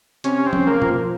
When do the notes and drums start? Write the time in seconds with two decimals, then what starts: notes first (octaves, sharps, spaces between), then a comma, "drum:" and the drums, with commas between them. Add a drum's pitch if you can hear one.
0.24 C3 C#4, drum: hi-hat
0.46 C4
0.53 C#3, drum: tom F3
0.67 A#3
0.82 F3, drum: tom B2